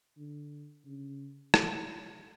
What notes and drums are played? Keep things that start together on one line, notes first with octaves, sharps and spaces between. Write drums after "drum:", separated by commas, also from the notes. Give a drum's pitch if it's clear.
D3
C#3
drum: rim click